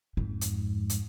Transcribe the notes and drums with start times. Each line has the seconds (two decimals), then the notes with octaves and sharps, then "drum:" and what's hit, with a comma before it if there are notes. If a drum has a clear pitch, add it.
0.17 F2 G#2
0.41 drum: hi-hat
0.90 drum: hi-hat